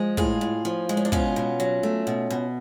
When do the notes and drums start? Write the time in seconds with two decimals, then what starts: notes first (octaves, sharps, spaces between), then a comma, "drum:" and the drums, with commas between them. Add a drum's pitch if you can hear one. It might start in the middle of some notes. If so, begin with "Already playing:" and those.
Already playing: F3 G#3
0.17 A2 F4 G#4, drum: kick
0.41 A2
0.65 F3
0.89 G#3
0.97 C#4
1.05 D4
1.12 B2 C#4 F4, drum: kick
1.36 B2
1.60 F#3
1.83 A3
2.07 B2
2.30 B2